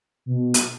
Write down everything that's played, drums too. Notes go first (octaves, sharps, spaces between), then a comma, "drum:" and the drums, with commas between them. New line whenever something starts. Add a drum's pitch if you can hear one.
B2
drum: hi-hat